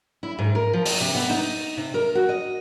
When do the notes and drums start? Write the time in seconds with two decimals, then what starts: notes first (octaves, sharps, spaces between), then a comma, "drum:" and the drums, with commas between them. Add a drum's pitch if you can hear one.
0.23 E4
0.39 G#2
0.55 A#4
0.73 F3
0.86 D#5, drum: open hi-hat
1.01 C3
1.15 B3
1.30 D#4
1.77 C3
1.94 A#4
2.15 F#4
2.29 D#5